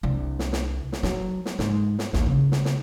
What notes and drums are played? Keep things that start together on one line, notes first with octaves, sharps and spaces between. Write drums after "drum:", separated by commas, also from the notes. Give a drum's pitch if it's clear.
C2 D4
drum: snare
drum: snare
drum: snare
F#3, drum: snare
drum: snare
G#2, drum: snare
drum: snare
A1 D#2, drum: snare
C#3
drum: snare
drum: snare